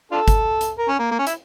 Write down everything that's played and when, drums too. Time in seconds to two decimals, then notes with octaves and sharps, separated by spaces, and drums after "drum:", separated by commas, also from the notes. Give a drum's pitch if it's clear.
0.12 D4 F4 A4
0.28 drum: kick G1, hi-hat
0.61 drum: hi-hat
0.78 A#4
0.89 C#4
0.99 A#3
1.11 A#3
1.19 C#4
1.27 E4, drum: hi-hat